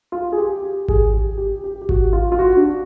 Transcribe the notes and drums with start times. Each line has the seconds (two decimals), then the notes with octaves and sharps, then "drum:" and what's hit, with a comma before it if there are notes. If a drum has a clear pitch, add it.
0.12 F4
0.32 G#4
0.38 G4
0.63 G4
0.88 G#4, drum: kick G#1
1.13 G4
1.38 G4
1.64 G4
1.81 G4
1.89 F#4, drum: kick G#1
2.13 F4
2.32 F4
2.39 F#4
2.57 D4